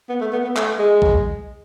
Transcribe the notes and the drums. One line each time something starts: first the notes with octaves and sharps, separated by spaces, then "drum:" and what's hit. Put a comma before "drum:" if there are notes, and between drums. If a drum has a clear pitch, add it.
B3
A3
B3
B3
A3, drum: clap
G#3
drum: kick A#1